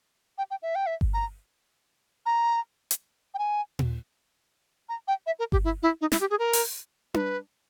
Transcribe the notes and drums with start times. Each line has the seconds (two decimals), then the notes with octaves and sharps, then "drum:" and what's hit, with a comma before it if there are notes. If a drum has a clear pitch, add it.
0.38 G5
0.51 G5
0.62 E5
0.75 G5
0.86 E5
1.01 drum: kick G1
1.14 A#5
2.26 A#5
2.91 drum: hi-hat
3.34 G5
3.38 G#5
3.79 drum: tom A#2
4.89 A#5
5.08 G5
5.26 E5
5.39 A#4
5.52 G4, drum: kick G1
5.64 E4
5.83 E4
6.01 D#4
6.12 E4, drum: snare
6.20 G4
6.30 G#4
6.39 A#4
6.53 drum: open hi-hat
7.14 B4, drum: tom D4